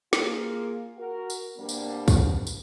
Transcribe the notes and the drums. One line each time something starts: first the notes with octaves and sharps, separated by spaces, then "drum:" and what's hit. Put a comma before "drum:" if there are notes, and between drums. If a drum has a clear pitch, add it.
A#3 F4 G#4, drum: snare
F#4 A#4
drum: tambourine
B2 G3 A#3 C4 D4
drum: tambourine
drum: kick, tambourine
drum: tambourine